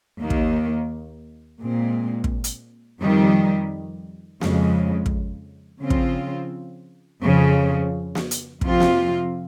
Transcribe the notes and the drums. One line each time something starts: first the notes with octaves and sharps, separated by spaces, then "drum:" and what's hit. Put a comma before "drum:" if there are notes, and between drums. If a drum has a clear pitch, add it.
D#2 D#3 A#3
drum: kick
A#2 G#3 C4
drum: kick
drum: hi-hat
F2 D#3 G3
F2 C#3 G#3, drum: snare
drum: kick
C#3 F3 C4 F4
drum: kick
F2 C#3 F3
drum: snare
drum: hi-hat
F2 C3 F3 C4 F4, drum: kick
drum: snare